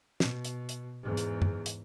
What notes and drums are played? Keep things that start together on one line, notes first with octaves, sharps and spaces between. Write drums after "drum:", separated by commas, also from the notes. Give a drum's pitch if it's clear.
B2, drum: snare
drum: hi-hat
drum: hi-hat
E2 G#2
drum: hi-hat
drum: tom F#2
drum: hi-hat